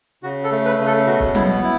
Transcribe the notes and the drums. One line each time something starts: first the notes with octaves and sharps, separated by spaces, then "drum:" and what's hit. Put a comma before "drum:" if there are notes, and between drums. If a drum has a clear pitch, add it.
C#3 F#4
A4
A3
B4
C#3
A4
B2 F#4
drum: kick
B3 E4, drum: tom F#3
E4